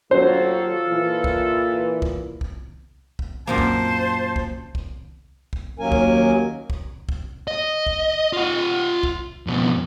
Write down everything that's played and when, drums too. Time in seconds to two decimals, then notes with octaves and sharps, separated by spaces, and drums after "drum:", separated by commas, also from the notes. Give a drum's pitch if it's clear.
0.11 D#2 F#3 F4 A4 C5
0.88 A#2 E3
1.24 drum: kick C2
2.02 drum: kick C2
2.41 drum: kick C2
3.19 drum: kick C2
3.47 F#2 A#2 A#3 C5 A5
3.58 drum: kick C2
4.36 drum: kick C2
4.75 drum: kick C2
5.53 drum: kick C2
5.79 D#2 F#3 A#3 C#4 A#4 G#5
5.92 drum: kick C2
6.70 drum: kick C2
7.09 drum: kick C2
7.48 D#5
7.87 drum: kick C2
8.33 F4 F#5
9.03 drum: kick C2
9.47 F2 B2